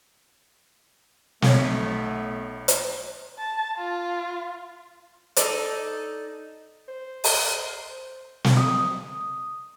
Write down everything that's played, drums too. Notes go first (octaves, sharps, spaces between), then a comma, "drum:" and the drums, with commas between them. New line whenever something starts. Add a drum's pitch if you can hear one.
B1 A3 B3 C#5, drum: snare
drum: hi-hat
A5
F4
D#4 A4 D5, drum: hi-hat
C5
drum: open hi-hat
drum: snare
D#6